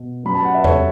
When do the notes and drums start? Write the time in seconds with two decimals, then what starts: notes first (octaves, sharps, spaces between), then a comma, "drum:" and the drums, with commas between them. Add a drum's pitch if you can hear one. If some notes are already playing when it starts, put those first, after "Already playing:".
Already playing: B2
0.23 F#2 F#3 B5
0.35 A5
0.45 F#5
0.54 E5
0.64 A4 C#5, drum: tom E2